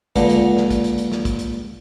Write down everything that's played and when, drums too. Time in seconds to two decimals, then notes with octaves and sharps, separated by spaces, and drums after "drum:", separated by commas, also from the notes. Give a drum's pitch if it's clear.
0.16 C#2 A#2 D3, drum: kick, hi-hat
0.29 drum: hi-hat
0.57 drum: snare
0.70 drum: kick, hi-hat
0.84 drum: hi-hat
0.98 drum: hi-hat
1.12 drum: snare
1.25 drum: kick, hi-hat
1.39 drum: hi-hat